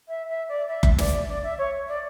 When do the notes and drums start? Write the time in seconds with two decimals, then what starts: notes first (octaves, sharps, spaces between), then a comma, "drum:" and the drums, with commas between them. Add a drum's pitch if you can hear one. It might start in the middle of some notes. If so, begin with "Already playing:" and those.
0.08 E5
0.29 E5
0.48 D5
0.68 E5
0.83 drum: kick F#1
0.98 D5, drum: snare
1.28 D5
1.43 E5
1.58 C#5
1.88 D5